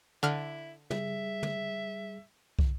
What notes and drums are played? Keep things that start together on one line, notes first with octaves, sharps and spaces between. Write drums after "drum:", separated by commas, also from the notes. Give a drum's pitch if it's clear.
D3 E4 F6
G3 G#4 E5, drum: tom
drum: tom
drum: kick